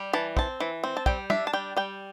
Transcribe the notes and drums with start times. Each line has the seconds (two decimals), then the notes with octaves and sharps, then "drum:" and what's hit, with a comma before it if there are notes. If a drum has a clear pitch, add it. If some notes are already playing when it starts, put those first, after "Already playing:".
Already playing: G3
0.13 E3 A5
0.37 C4 A5, drum: kick
0.60 E3
0.84 C4
0.97 A5
1.06 G3 G5, drum: kick
1.30 D4 E5, drum: tom
1.47 A5
1.53 G3 G5
1.77 G3 G5